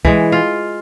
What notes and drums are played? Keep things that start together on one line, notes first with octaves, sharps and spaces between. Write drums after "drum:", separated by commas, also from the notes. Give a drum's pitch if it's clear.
E3 G#3, drum: kick
F4